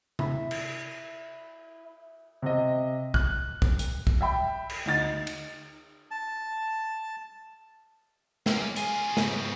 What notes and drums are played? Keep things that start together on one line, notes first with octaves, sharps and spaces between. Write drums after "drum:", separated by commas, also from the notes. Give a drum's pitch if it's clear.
E4 E5, drum: tom C3
drum: cymbal
C3 D#5
F#6, drum: kick B1
drum: kick B1
drum: hi-hat
drum: kick B1
E5 G5 B5
drum: cymbal
D2 D#4 A6
drum: cymbal
A5
G#3 A#3 C#4, drum: snare
C3 F4 G#4 G#5, drum: hi-hat
G#2 C#3 B3 C4, drum: snare